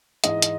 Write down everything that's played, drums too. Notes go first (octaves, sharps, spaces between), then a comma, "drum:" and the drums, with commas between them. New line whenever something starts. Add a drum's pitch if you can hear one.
G#2 E3 G#3 D#5, drum: hi-hat
drum: hi-hat